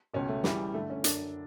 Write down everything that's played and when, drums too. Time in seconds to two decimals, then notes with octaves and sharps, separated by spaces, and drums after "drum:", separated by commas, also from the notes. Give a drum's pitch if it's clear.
0.13 C#2 B2 C#4
0.29 A3
0.44 C#2 C#3 E3 G3, drum: snare
0.74 G2 D3 A3
0.90 C#4
1.04 F#2 D3 D4, drum: hi-hat